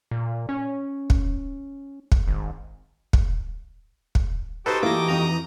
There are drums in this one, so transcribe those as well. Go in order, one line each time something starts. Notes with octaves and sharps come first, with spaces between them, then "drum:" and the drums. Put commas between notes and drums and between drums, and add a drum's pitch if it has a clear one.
A#2
C#4
drum: kick
drum: kick
G#1
drum: kick
drum: kick
D#4 F#4 G4 A4 B4 C5
E3 A#3 E4 A4 D6 A#6
F2 A#5 D#6